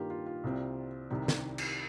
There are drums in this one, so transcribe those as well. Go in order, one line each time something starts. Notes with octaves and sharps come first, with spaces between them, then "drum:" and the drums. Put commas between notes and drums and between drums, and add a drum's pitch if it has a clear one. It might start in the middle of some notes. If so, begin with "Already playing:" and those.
Already playing: G2 D#3 A#3 F4 G4
F4
F4
C2 C3 G3 C4
C2 C3 D#3 G3 G4
drum: snare
drum: cymbal